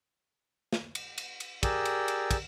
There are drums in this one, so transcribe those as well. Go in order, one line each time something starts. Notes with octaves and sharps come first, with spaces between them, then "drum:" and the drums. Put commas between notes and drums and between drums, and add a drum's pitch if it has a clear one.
drum: snare
drum: cymbal
drum: cymbal
drum: cymbal
G4 G#4 A#4 D5 E6, drum: kick, cymbal
drum: cymbal
drum: cymbal
drum: kick, cymbal